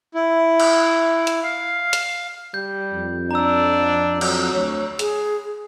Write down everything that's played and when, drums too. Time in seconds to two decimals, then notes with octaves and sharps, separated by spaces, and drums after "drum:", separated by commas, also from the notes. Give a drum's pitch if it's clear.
0.14 E4
0.60 drum: cymbal
1.27 drum: hi-hat
1.44 F5
1.93 drum: hi-hat
2.54 G3 G6
2.93 F2
3.31 D4 A#5 E6
4.21 F#3, drum: cymbal
4.53 D2 C#5
4.99 G#4, drum: hi-hat